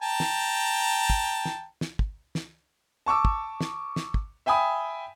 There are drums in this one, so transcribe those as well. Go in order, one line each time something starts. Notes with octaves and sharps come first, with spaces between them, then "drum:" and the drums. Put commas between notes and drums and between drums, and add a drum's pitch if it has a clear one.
G5 A5 A#5
drum: snare
drum: kick
drum: snare
drum: snare
drum: kick
drum: snare
A5 C#6 D6 E6
drum: kick
drum: snare
drum: snare
drum: kick
E5 G5 G#5 B5 D#6